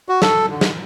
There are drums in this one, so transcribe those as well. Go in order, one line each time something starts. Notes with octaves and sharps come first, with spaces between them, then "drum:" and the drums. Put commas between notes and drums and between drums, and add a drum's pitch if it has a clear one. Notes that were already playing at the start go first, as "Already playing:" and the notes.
F#4
A4, drum: snare
D3
drum: snare